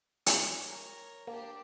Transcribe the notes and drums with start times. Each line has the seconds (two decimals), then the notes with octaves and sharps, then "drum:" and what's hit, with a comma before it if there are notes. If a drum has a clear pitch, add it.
0.26 drum: hi-hat
0.66 A#4 C#5
1.27 A#3 D4 G4